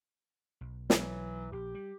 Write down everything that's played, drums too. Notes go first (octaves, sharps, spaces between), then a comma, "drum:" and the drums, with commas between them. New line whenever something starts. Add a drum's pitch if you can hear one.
B1
E3 F#3, drum: snare
A#1 G4
G3